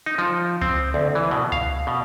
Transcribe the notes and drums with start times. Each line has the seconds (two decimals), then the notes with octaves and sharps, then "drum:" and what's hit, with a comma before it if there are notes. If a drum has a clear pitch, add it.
0.06 D#4
0.18 F3
0.62 C4, drum: kick C#2
0.94 D2
1.15 E3
1.31 B2
1.52 F5, drum: kick C#2
1.87 B2